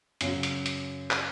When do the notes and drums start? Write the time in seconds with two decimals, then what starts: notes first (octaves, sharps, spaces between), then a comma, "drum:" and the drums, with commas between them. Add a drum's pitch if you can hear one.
0.21 F#2 C#3 F#3, drum: hi-hat
0.43 drum: hi-hat
0.66 drum: hi-hat
1.11 drum: clap